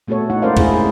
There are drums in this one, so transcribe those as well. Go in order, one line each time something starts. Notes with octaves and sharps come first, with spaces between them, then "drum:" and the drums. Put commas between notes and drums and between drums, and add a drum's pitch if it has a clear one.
A#2 A3 B3 F#4 A4 C#5
A3 D#4 E4 F#5
G#3 C#4 A#4 C5 D5 F5
A3 D4 E4 G#4, drum: kick, cymbal
G#4